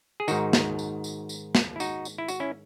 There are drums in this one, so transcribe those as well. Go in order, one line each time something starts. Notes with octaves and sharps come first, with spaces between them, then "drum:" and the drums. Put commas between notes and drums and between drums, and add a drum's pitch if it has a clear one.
G#4
G#2 D#3 D#4 F#4, drum: tambourine
drum: snare
drum: tambourine
drum: tambourine
drum: tambourine
drum: snare
E4
D#4 F#4, drum: tambourine
drum: tambourine
E4
F#4, drum: tambourine
C#4 E4